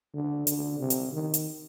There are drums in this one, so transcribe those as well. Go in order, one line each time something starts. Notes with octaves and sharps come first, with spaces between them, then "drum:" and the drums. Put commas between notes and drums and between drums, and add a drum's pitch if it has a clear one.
D3
D3, drum: hi-hat
C3
drum: hi-hat
D#3
drum: hi-hat